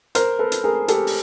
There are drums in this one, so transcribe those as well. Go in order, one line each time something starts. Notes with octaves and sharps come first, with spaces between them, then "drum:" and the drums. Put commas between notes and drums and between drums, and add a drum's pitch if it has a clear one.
A#4 C5, drum: hi-hat
A4 B4
drum: hi-hat
G#4 A#4
G4 A4, drum: hi-hat
drum: open hi-hat